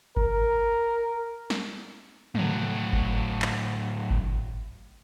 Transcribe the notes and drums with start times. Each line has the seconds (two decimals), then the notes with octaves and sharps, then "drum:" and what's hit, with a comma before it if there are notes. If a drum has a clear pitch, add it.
0.17 A#4, drum: kick G1
1.50 drum: snare
2.35 A2 F#3, drum: tom
2.93 drum: kick G1
3.42 drum: clap
4.10 drum: kick G1